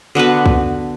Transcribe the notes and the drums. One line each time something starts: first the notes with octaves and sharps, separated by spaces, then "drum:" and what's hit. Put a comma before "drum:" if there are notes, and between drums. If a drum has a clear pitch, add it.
D3 B3 F#4 B4
drum: kick